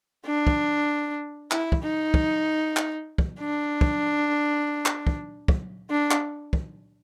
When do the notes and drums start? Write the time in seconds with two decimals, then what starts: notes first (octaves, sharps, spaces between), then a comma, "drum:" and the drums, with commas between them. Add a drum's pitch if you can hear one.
0.26 D4
0.47 drum: kick
1.51 E4, drum: clap
1.72 drum: kick
1.83 D#4
2.14 drum: kick
2.77 drum: clap
3.18 drum: kick
3.39 D4
3.81 drum: kick
4.86 drum: clap
5.07 drum: kick
5.48 drum: kick
5.90 D4
6.11 drum: clap
6.53 drum: kick